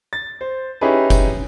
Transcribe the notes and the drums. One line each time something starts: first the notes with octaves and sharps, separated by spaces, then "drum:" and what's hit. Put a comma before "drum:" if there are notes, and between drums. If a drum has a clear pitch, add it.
A6
C5
C#4 D#4 E4 G4 G#4 B4
drum: kick F#1, tambourine